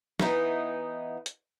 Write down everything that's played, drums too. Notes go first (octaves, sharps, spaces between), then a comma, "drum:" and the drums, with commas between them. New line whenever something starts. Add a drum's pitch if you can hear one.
E3 B3 D#4, drum: snare
drum: hi-hat